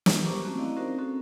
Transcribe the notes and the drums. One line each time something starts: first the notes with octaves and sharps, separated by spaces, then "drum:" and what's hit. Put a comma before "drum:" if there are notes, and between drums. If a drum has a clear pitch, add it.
drum: snare
G4 A#4 C5 A#5 C#6 D6
A3 A#3 C4 C#4 F#4
E4 D5 D#5 F5 A#5 C6
C4 C#4 D#4 F#4 A#4 C5
C4 C#4 F#4 A4